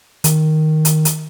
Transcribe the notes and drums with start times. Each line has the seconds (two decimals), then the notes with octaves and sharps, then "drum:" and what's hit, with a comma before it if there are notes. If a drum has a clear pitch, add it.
0.24 D#3, drum: hi-hat
0.85 drum: hi-hat
1.05 drum: hi-hat